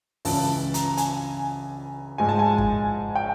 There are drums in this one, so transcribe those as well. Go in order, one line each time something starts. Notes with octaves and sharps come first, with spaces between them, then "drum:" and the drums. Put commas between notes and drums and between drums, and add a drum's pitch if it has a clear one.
C#2 C#3 E3 A5, drum: open hi-hat
A#5, drum: hi-hat
G#5, drum: hi-hat
G#2 F3 G#3 G#5
A5
G#5
drum: kick
G5